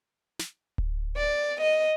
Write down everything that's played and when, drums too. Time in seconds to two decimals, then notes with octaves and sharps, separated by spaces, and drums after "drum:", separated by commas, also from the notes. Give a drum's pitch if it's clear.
0.39 drum: snare
0.78 drum: kick D1
1.17 D5
1.60 D#5